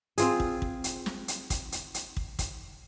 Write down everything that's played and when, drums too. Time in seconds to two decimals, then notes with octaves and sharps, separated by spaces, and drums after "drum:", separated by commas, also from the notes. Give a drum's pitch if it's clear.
0.18 C4 F4 G#4, drum: hi-hat
0.40 drum: kick
0.62 drum: kick
0.84 drum: hi-hat
1.06 drum: snare
1.28 drum: hi-hat
1.50 drum: kick, hi-hat
1.72 drum: hi-hat
1.94 drum: hi-hat
2.17 drum: kick
2.39 drum: kick, hi-hat